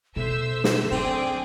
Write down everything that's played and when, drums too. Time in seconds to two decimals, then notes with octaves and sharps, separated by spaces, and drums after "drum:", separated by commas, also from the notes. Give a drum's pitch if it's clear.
0.16 B2 A4 C5 E5 E6
0.64 drum: snare
0.91 D3 F#3 C4 G#4 D6